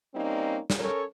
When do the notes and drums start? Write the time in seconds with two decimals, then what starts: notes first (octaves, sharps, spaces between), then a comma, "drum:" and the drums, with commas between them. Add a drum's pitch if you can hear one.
0.14 G3 A#3 C4 C#4 D#4
0.70 drum: snare
0.79 C#4 A4 A#4 C#5